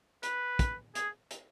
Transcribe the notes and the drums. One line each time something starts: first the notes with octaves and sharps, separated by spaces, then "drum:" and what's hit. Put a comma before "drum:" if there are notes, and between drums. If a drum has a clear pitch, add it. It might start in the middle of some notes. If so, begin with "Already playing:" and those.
B4, drum: hi-hat
drum: kick, hi-hat
G#4, drum: hi-hat
drum: hi-hat